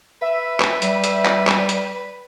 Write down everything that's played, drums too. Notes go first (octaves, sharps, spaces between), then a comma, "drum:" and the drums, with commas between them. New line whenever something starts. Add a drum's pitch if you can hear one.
B4 E5
drum: clap
G3, drum: hi-hat
drum: hi-hat
drum: clap
drum: clap
drum: hi-hat